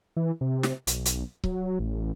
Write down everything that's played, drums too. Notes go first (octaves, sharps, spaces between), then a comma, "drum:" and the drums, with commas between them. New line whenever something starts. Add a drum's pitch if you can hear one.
E3
C3
drum: snare
B1, drum: hi-hat
drum: hi-hat
F#3, drum: kick C#1
A1